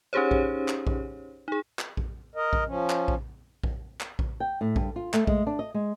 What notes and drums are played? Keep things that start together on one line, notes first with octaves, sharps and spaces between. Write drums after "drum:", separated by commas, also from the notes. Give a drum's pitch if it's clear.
C#4 D#4 G4 G#4 C5 C#5
drum: kick A#1
drum: clap
drum: kick A#1
D#4 G#4
drum: clap
drum: kick A#1
A#4 D#5
drum: kick A#1
F3 C#4
drum: clap
drum: kick A#1
drum: kick A#1
drum: clap
drum: kick A#1
G5
A2
G2, drum: kick A#1
F4
A3, drum: clap
G#3, drum: kick A#1
D4
D#5
G#3